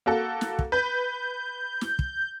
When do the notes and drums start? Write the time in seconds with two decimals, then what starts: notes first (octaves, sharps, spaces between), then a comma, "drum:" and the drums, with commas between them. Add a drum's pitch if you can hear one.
0.06 A#3 F#4 A4
0.41 drum: snare
0.59 drum: kick
0.72 B4 G6
1.81 drum: snare
1.99 drum: kick